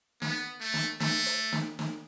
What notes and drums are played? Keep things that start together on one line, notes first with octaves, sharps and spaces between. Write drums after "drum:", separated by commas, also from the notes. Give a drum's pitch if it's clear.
B3, drum: snare
A3
drum: snare
A3, drum: snare
drum: hi-hat
drum: snare
drum: snare